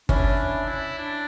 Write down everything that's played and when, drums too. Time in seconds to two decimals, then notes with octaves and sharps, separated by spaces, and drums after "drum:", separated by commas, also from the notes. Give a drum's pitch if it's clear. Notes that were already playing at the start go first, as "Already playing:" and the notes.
0.09 C#4 D4 E4, drum: kick G1
0.39 D4
0.69 E4
0.98 D4